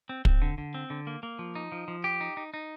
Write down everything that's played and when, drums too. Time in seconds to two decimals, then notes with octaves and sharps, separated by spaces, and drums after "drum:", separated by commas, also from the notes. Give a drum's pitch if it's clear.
0.09 C4
0.25 C4, drum: kick
0.42 D3
0.58 D3
0.74 C4
0.90 D3
1.07 A#3
1.23 A#3
1.39 F3
1.55 D#4
1.72 F3
1.88 F3
2.04 G4
2.21 D#4
2.37 D#4
2.54 D#4